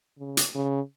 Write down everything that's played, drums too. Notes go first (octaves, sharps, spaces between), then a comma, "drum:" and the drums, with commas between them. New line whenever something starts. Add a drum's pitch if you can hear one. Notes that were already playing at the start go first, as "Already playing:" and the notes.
C#3
drum: hi-hat
C#3